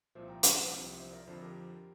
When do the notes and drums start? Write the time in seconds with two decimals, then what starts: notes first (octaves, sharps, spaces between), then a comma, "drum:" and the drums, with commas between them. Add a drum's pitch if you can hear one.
0.15 C2 A#2 F3 C5 E5
0.28 G5 A#5
0.43 F5 A5, drum: hi-hat
0.71 C2 C3 F3
0.99 C5 E5
1.12 A#4 D5
1.26 F2 D3 F3 A4 C5
1.42 G4 A#4